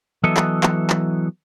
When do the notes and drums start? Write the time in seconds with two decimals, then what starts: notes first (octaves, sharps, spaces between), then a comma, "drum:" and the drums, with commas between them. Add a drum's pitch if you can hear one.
0.24 E3 F#3 B3 A4 D#5 E5
0.37 drum: clap
0.63 drum: clap
0.90 drum: clap